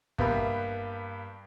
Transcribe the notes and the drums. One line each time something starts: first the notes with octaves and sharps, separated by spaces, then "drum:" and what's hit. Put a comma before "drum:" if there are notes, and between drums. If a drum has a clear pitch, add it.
G2 A#3 B3 G4 E5 B5, drum: kick G1